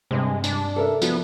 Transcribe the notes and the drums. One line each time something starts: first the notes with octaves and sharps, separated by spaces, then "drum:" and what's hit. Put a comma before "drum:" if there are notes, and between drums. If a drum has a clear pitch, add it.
G2 C3 G#3
D4, drum: tambourine
A4 A#4 E5
F3 B3, drum: tambourine